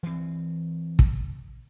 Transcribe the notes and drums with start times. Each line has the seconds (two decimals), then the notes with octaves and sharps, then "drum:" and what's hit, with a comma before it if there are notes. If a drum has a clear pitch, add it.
0.03 E3 C4
0.99 drum: kick